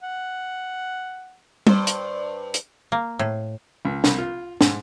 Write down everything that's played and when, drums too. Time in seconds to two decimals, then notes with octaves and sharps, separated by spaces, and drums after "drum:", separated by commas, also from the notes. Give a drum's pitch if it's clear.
0.02 F#5
1.67 G2 C5, drum: tom G3
1.87 drum: hi-hat
2.54 drum: hi-hat
2.92 A#3
3.19 A2
3.85 C#2
4.04 C2, drum: snare
4.18 F4
4.61 G#2, drum: snare